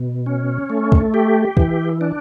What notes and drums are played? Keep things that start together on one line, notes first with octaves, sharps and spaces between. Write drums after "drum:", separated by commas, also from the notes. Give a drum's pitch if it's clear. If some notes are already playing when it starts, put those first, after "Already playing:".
Already playing: B2
C#4
A3
drum: kick
G4
E3, drum: kick
D4